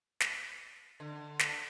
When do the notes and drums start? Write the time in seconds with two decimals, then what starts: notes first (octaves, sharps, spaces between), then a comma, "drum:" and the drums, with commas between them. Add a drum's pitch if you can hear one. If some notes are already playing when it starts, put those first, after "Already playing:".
0.20 drum: snare
1.00 D3
1.39 drum: snare